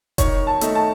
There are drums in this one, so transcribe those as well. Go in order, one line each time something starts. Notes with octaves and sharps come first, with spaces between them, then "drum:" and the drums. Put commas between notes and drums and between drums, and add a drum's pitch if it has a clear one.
D#3 C#5, drum: kick F1, hi-hat
A5
A3 D#4, drum: hi-hat
A5